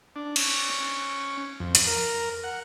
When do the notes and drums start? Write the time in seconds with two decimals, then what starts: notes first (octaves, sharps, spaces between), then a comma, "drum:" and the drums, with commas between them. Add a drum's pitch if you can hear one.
0.16 D4
0.36 C#4, drum: cymbal
0.70 C#4
1.60 F2
1.75 drum: hi-hat
1.87 A#4
2.44 F#5